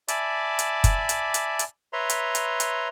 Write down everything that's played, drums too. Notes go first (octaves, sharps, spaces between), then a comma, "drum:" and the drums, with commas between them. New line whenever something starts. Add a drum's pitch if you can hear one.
D5 E5 G#5 A5 B5 D6, drum: hi-hat
drum: hi-hat
drum: kick F#1, hi-hat
drum: hi-hat
drum: hi-hat
drum: hi-hat
B4 C#5 E5 A#5 C6
drum: hi-hat
drum: hi-hat
drum: hi-hat